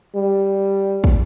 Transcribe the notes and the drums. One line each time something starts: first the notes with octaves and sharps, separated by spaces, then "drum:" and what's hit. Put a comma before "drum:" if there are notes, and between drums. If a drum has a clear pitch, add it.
G3
drum: kick